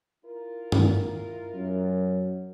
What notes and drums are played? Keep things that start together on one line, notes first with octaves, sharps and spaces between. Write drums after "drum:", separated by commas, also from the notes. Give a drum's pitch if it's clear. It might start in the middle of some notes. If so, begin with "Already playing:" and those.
E4 F4 A#4
drum: tom
F#2